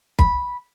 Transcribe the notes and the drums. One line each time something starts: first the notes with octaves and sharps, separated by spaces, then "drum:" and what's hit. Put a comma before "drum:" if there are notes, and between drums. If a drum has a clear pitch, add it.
B5, drum: kick